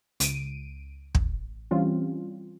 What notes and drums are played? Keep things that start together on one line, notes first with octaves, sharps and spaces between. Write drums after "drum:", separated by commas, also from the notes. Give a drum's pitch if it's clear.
C#2 D7 D#7, drum: hi-hat
A1, drum: kick
E3 G3 C4 C#4 F4